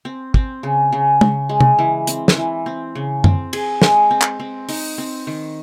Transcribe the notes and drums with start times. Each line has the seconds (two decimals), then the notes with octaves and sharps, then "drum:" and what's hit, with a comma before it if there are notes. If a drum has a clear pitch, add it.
0.05 C4
0.34 C4, drum: kick
0.63 C#3
0.92 C#3
1.21 C#3, drum: tom
1.49 G#3
1.61 drum: tom
1.79 E3
2.07 C4, drum: hi-hat
2.28 drum: snare
2.37 E3
2.66 C4
2.95 C#3
3.24 C4, drum: tom F#2
3.53 G#4, drum: cymbal
3.82 G#3, drum: snare
4.11 C4
4.21 drum: clap
4.40 C4
4.69 D#4, drum: open hi-hat
4.98 C4
5.27 D#3